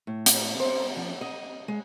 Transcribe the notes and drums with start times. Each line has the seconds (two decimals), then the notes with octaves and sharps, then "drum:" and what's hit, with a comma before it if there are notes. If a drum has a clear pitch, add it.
0.07 A2
0.26 drum: hi-hat
0.60 C5
0.96 F3
1.21 D#5
1.68 G#3